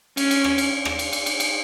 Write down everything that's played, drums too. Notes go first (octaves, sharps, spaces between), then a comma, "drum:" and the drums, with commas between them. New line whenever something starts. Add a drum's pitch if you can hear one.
C#4, drum: cymbal
drum: cymbal
drum: rim click
drum: cymbal
drum: rim click
drum: cymbal
drum: cymbal
drum: cymbal
drum: cymbal